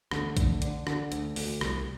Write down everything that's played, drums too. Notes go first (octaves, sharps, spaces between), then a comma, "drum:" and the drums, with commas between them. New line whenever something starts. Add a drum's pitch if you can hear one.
D2 D3, drum: rim click
D2, drum: kick, hi-hat
D3, drum: hi-hat
D3, drum: rim click
D2, drum: hi-hat
D2, drum: open hi-hat
C2, drum: rim click